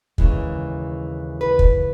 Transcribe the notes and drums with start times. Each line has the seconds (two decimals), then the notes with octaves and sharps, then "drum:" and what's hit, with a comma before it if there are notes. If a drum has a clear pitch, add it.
0.18 D#2 C#3 E3 G#3, drum: kick
1.41 B4
1.59 drum: kick